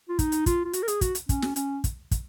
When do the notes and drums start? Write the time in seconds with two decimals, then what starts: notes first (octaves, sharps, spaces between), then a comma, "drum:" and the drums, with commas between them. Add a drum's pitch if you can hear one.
0.09 F4
0.19 D#4, drum: kick, hi-hat
0.32 drum: hi-hat
0.46 F4, drum: kick, hi-hat
0.65 F4
0.73 F#4, drum: hi-hat
0.83 A#4
0.88 G#4, drum: hi-hat
1.01 F#4, drum: kick, hi-hat
1.15 drum: hi-hat
1.29 C#4, drum: kick, hi-hat
1.42 drum: snare
1.56 C#4, drum: hi-hat
1.84 drum: kick, hi-hat
2.11 drum: kick, hi-hat